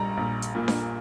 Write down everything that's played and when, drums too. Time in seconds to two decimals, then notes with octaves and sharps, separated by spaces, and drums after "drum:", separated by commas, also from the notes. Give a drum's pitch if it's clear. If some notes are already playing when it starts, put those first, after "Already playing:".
Already playing: A#1 G3 A#5
0.17 A#1
0.42 drum: hi-hat
0.55 A#2
0.68 drum: snare D4